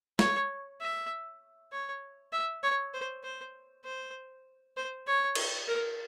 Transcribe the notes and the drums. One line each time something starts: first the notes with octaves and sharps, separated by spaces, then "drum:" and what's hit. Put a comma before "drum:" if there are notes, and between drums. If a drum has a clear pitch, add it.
C#5, drum: snare
E5
C#5
E5
C#5
C5
C5
C5
C5
C#5
drum: cymbal
A#4